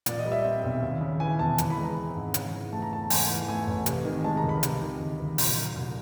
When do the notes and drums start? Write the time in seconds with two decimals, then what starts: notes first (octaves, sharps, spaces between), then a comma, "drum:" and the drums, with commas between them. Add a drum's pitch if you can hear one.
0.06 A#2 D5, drum: hi-hat
0.19 D#5
0.26 G3
0.32 E5
0.45 C4
0.63 B1
0.82 D#2
1.01 C#3
1.20 E3 G#5
1.39 E1 A5
1.58 E3, drum: hi-hat
1.70 B5
1.77 G#3
1.83 A#5
1.96 C4
2.15 G#2
2.34 C#3, drum: hi-hat
2.53 E3
2.72 A3 A5
2.82 A#5
2.91 E2 A5
3.10 G#2 G#5, drum: open hi-hat
3.29 E3
3.48 A3 G#5
3.67 A1
3.86 C3, drum: hi-hat
4.05 D#3
4.24 G#3 A5
4.37 A#5
4.44 C#2
4.49 B5
4.63 C3, drum: hi-hat
4.82 D#3
4.99 D2
5.19 D2
5.38 A#2 A#5, drum: open hi-hat
5.57 F#3
5.76 C2